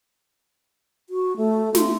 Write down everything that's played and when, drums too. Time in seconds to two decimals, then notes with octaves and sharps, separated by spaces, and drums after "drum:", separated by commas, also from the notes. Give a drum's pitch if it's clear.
1.10 F#4
1.37 A3
1.75 F4, drum: snare